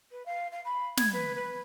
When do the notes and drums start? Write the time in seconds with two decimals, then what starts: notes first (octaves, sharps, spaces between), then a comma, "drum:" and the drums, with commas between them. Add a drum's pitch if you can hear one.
0.11 B4
0.25 F5
0.52 F5
0.65 B5
0.97 G#6, drum: snare
1.13 B4
1.35 B4